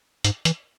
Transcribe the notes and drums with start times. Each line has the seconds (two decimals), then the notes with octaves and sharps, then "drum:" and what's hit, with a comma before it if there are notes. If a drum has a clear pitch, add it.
0.24 G#2, drum: hi-hat
0.45 E3, drum: hi-hat